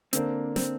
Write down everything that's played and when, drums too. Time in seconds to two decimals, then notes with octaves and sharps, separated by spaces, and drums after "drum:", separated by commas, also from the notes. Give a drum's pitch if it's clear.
0.13 D3 A#3 C4 D4 A#4, drum: hi-hat
0.56 C4, drum: snare